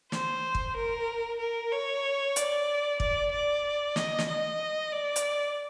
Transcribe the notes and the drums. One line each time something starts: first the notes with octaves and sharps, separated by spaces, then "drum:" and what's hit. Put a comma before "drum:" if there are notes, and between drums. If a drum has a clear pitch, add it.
C5, drum: snare
drum: kick
A#4
A#4
C#5
D5, drum: hi-hat
D5, drum: kick
D5
D#5, drum: snare
drum: snare
D#5
D5
drum: hi-hat